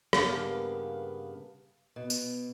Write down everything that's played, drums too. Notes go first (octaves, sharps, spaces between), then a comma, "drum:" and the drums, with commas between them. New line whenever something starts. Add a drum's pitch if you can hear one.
G2 C#3 A#3 B3 F5, drum: rim click
B2
drum: tambourine